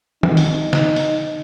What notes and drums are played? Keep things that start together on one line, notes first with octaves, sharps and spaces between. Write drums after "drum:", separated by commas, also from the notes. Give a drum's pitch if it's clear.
D#4, drum: tom D#3
drum: open hi-hat
D#4, drum: snare
drum: open hi-hat